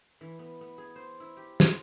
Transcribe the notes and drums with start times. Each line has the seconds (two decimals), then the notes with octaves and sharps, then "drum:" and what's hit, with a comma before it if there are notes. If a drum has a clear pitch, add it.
0.21 E3
0.39 B3
0.61 B3
0.78 G#4
0.96 C5
1.20 E4
1.37 G4
1.60 C6, drum: snare